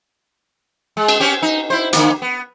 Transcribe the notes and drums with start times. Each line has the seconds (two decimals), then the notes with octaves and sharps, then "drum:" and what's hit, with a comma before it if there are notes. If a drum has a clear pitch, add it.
0.97 G#3
1.08 drum: cymbal
1.20 C4 C#4 G4
1.43 D#4
1.70 E4 C5
1.93 D3 A#3, drum: hi-hat
2.22 B3